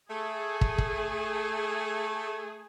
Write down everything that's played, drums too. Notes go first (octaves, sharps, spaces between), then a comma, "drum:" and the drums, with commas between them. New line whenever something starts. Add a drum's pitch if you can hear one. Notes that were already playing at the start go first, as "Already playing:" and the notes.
A3 G#4 G#5
drum: kick
drum: kick